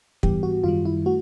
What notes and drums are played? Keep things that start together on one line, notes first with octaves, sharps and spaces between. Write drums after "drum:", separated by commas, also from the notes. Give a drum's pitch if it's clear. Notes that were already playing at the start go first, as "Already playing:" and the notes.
G#2 E3 G3 B3 G4, drum: kick
F#4
F#2 D#3 G3 F4
E4
A3 F#4